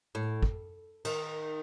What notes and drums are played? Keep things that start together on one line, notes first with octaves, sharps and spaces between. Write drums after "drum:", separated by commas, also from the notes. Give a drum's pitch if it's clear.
A2
drum: kick
D#3, drum: cymbal